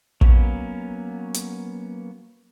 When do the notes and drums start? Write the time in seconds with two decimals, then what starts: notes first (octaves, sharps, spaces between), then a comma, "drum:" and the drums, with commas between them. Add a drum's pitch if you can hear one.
0.21 F#3 A#3 B3 C#4, drum: kick
1.35 drum: hi-hat